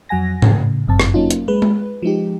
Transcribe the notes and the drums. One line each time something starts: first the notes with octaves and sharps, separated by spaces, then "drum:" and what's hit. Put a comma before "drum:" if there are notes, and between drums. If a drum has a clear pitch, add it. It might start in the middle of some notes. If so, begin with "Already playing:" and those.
F2 F#3 F#5 G#5 A#6
A2 C#3, drum: tom G#2
G1 F#2 C4 A5
drum: rim click
F#3 A#3 C#4 D#4 F4
drum: hi-hat
G#3 B4
drum: tom G#3
F3 G#3 D#4 G4